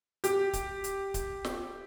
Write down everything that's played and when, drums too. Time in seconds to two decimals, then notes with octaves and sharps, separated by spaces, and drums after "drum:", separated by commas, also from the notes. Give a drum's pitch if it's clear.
0.24 G4, drum: hi-hat
0.53 drum: kick D1, hi-hat
0.84 drum: hi-hat
1.14 drum: kick D1, hi-hat
1.45 drum: snare